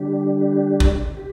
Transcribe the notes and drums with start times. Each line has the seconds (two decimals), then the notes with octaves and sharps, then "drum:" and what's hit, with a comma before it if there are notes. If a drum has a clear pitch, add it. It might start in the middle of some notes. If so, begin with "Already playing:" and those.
Already playing: D3 G3 D4 G4
0.80 drum: kick
1.17 G4